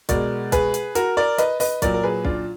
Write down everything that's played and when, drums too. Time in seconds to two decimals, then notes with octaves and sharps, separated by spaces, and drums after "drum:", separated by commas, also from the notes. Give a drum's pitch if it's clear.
0.09 B2 G#3 A#4 D5, drum: kick, hi-hat
0.52 G#4 B4, drum: kick, hi-hat
0.74 drum: hi-hat
0.95 F#4 A#4, drum: hi-hat
1.17 A#4 D5
1.38 B4 D#5, drum: hi-hat
1.60 B4 D#5, drum: open hi-hat
1.82 A#2 F#3 A#4 D5, drum: kick, hi-hat
1.94 A#4
2.03 G#4 B4
2.25 D4 F4, drum: kick